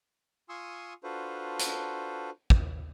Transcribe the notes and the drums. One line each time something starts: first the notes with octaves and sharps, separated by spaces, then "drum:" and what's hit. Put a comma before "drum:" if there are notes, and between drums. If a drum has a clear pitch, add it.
F4 G#5 C6 C#6 D#6 E6
D4 F4 F#4 A4 B4 C5
drum: hi-hat
drum: kick